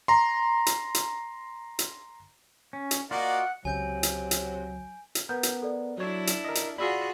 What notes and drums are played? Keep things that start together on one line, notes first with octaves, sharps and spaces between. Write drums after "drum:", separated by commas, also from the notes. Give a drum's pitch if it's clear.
A#5 C6
drum: hi-hat
drum: hi-hat
drum: hi-hat
C#4
drum: hi-hat
A#3 F4 F#4 D5 D#5 F#5
C#2 C3 F#3 G#5 G6 D7
drum: hi-hat
drum: hi-hat
drum: hi-hat
B3 A#4 G6
drum: hi-hat
A4 D5
F#3 D4 E4 C#5
drum: hi-hat
A#4 D#5
drum: hi-hat
F4 F#4 G#4 D5 B5 C6 E6